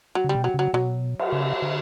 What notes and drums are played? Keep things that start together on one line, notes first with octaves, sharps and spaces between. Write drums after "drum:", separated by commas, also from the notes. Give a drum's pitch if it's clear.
F#3
C#3
G3
B2
F#3
C#3 F#3
B2 F#3
drum: cymbal
C#3
D3